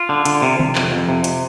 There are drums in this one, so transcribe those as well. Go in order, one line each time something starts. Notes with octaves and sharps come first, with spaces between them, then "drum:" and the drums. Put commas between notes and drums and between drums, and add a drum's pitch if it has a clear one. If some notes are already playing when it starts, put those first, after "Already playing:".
Already playing: F4
D3
D3, drum: hi-hat
C3
C3, drum: tom
F2, drum: clap
F2
C3
drum: hi-hat